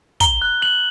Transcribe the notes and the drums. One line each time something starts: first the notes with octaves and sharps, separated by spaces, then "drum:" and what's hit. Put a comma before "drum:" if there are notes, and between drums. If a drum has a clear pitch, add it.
A#5 G7, drum: kick, hi-hat
F#6
F#6 F#7